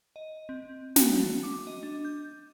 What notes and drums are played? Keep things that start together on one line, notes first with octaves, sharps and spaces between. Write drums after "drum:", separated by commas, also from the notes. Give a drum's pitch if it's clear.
D#5
C4
F#4, drum: snare
D6
D#5
D4
G6